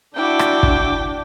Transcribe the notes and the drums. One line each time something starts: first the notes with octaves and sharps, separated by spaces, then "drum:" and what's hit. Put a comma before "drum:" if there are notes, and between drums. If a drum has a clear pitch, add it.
D4 E4 F#4 G5 D6
drum: rim click
drum: kick